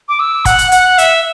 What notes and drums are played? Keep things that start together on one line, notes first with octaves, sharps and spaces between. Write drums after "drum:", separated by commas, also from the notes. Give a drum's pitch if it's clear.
D6
E6
F#5, drum: kick, hi-hat
drum: hi-hat
F#5, drum: hi-hat
E5, drum: hi-hat